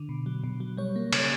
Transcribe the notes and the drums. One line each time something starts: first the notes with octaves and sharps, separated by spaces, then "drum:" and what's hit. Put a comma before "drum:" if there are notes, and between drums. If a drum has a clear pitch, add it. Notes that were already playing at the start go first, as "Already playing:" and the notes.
Already playing: D3
B2
F#3
B2
F#3
G3 C#5
A#3
C#3, drum: cymbal